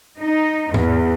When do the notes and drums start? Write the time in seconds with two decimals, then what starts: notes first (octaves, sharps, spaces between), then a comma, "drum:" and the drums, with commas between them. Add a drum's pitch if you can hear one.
0.21 D#4
0.74 E2, drum: tom G#2